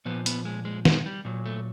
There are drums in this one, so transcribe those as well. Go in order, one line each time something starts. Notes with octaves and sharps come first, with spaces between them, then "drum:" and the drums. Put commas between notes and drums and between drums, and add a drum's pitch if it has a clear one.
A#2 F3 B3
B3, drum: hi-hat
G#3
G#3
G#3, drum: snare
G3
A#2 F#3
A3